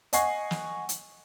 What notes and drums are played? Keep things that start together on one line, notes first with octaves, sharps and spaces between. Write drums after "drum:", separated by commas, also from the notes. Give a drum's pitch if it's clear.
D#5 F#5 G#5 C#6 C7, drum: hi-hat
drum: snare
drum: hi-hat